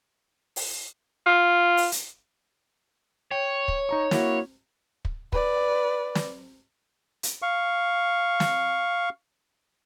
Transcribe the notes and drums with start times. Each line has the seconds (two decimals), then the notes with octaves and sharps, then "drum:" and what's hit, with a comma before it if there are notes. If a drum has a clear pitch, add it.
0.56 drum: open hi-hat
1.26 F4
1.77 drum: open hi-hat
1.92 drum: hi-hat
3.31 C#5 G5
3.68 drum: kick
3.89 D#4 A#5 C#6
4.11 A#3 E4 F#4, drum: snare
5.05 drum: kick
5.32 B4 D5, drum: kick
6.15 drum: snare
7.23 drum: hi-hat
7.42 F5 C#6
8.40 drum: snare